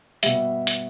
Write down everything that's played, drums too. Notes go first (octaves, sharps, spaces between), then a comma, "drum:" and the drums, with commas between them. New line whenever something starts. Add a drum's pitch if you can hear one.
B2 G3 E5, drum: hi-hat
drum: hi-hat